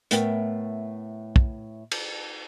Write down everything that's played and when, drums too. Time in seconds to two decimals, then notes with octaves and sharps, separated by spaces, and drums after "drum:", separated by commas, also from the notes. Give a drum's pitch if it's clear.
0.11 A2 A3 B3 A#4 G5, drum: hi-hat
1.36 drum: kick
1.91 drum: cymbal